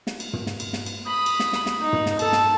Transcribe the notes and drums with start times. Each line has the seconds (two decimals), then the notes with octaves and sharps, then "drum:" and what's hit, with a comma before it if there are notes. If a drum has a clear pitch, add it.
0.07 drum: snare
0.20 drum: cymbal
0.33 drum: tom
0.47 drum: snare
0.60 drum: cymbal
0.73 drum: snare
0.86 drum: cymbal
1.07 B5 D#6
1.26 drum: cymbal
1.40 drum: snare
1.53 drum: snare
1.66 drum: snare
1.81 D#4
1.93 drum: tom
2.06 drum: snare
2.19 A4 A5, drum: cymbal
2.33 drum: snare